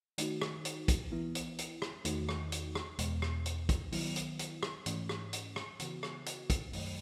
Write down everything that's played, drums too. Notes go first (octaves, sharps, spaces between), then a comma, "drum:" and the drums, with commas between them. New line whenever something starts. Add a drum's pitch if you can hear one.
D#3 A3 D#4 F#4, drum: hi-hat
drum: rim click
drum: hi-hat
drum: kick, hi-hat
E3 B3 E4
drum: hi-hat
drum: hi-hat
drum: rim click
E2 D#3 A3 D#4 F#4, drum: hi-hat
drum: rim click
drum: hi-hat
drum: rim click
E2 B2 G#3 B3, drum: hi-hat
drum: rim click
drum: hi-hat
drum: kick, hi-hat
D#3 F#3 B3 E4, drum: open hi-hat
drum: hi-hat
drum: hi-hat
drum: rim click
G#2 E3 A3 C#4, drum: hi-hat
drum: rim click
drum: hi-hat
drum: rim click
C#3 E3 B3 F#4, drum: hi-hat
drum: rim click
drum: hi-hat
drum: kick, hi-hat
F#2 D#3 F#3 A3, drum: open hi-hat